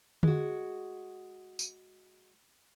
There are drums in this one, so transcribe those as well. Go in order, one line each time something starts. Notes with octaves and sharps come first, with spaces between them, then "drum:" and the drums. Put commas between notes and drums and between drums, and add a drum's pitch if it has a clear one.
G#3 F#4, drum: tom D3
drum: tambourine